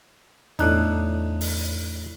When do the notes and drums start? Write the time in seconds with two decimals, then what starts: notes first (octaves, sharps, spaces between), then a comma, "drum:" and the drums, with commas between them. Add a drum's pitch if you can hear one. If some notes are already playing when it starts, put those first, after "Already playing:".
0.59 E2 A2 D4 D#4 F#6, drum: cymbal
1.41 drum: open hi-hat